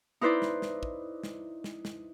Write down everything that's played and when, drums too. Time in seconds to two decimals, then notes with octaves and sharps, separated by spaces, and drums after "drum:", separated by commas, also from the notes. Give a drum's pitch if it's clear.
0.21 D#4 E4 B4 C5 D5
0.42 drum: snare
0.62 drum: snare
0.83 drum: kick
1.23 drum: snare
1.64 drum: snare
1.85 drum: snare